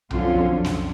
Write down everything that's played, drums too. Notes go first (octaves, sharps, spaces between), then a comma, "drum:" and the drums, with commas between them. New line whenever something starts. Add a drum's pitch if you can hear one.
F2 D3 F#3 C#4 F4, drum: tom B1
drum: snare